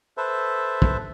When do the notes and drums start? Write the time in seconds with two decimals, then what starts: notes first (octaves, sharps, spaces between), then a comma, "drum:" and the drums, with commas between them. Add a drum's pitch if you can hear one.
0.17 A4 B4 C5 E5
0.82 drum: kick